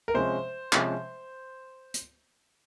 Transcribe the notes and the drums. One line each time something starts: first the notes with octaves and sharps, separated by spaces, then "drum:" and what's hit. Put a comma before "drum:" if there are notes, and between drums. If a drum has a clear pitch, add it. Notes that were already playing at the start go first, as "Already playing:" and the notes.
A#4
C3 F3 G#3 C#4 C5
C3 F3 G#3 C#4, drum: clap
drum: hi-hat